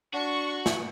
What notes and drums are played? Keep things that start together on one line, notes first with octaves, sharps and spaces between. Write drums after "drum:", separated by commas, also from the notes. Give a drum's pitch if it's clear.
D4 F#4 C#6
drum: snare